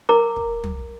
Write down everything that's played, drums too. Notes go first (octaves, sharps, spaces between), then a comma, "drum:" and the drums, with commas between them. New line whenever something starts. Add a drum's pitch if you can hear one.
A#4 A#5 D6
drum: kick
drum: tom